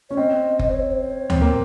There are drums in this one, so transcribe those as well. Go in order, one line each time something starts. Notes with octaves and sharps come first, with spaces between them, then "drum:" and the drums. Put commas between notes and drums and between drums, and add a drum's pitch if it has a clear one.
C#4 C#5
C4 D#5
drum: kick F#1
C5
C#5
C5
C#5
C4, drum: tom D2
A#3